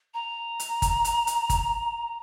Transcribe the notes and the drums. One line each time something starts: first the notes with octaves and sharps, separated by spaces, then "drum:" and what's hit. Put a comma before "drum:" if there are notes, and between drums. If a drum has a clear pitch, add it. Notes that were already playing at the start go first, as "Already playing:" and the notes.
A#5
drum: hi-hat
drum: kick G1, hi-hat
drum: hi-hat
drum: hi-hat
drum: kick G1, hi-hat